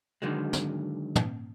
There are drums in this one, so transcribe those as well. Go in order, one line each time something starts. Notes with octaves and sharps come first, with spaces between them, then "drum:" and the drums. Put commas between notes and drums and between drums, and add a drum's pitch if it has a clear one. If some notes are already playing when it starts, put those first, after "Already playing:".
D3 D#3 F#3 G#3
drum: snare
drum: tom